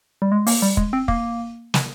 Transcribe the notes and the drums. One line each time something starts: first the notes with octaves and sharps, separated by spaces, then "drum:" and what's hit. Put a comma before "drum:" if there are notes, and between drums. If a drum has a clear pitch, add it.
G3
G#3
A#3, drum: open hi-hat
G3
G#3, drum: kick
C4
A#3, drum: kick
drum: snare